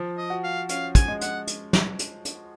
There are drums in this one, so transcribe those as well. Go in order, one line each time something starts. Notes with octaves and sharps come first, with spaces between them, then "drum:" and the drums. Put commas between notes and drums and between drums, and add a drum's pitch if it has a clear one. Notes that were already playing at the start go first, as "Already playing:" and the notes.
Already playing: F3
D#5
F#4
F5
C#4 F5, drum: hi-hat
G#5, drum: kick, hi-hat
G#3
F#5, drum: hi-hat
drum: hi-hat
drum: snare
drum: hi-hat
drum: hi-hat